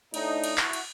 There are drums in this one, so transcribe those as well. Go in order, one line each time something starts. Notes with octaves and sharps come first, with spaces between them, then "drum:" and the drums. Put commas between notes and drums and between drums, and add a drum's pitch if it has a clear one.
A2 A3 D4 D#4, drum: cymbal
drum: cymbal
E4 F#4, drum: clap
drum: cymbal